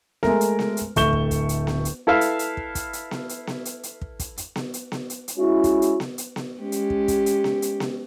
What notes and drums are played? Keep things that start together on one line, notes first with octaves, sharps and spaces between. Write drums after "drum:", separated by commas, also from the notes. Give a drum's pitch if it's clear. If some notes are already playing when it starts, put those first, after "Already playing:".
G#3 A3 A#4, drum: snare B3
drum: hi-hat
drum: snare B3
drum: hi-hat
D1 A3 C#6 G6 E7 G7, drum: hi-hat
drum: kick
drum: kick, hi-hat
drum: hi-hat
drum: snare B3
drum: hi-hat
E4 A4 B4 E5 F5
drum: hi-hat
drum: hi-hat
drum: kick
drum: kick, hi-hat
drum: hi-hat
drum: snare B3
drum: hi-hat
drum: snare B3
drum: hi-hat
drum: hi-hat
drum: kick
drum: kick, hi-hat
drum: hi-hat
drum: snare B3
drum: hi-hat
drum: snare B3
drum: hi-hat
drum: hi-hat
G#3 C#4 E4 F#4
drum: kick, hi-hat
drum: hi-hat
drum: snare B3
drum: hi-hat
drum: snare B3
G#3 C#4 G4
drum: hi-hat
drum: kick
drum: kick, hi-hat
drum: hi-hat
drum: snare B3
drum: hi-hat
drum: snare B3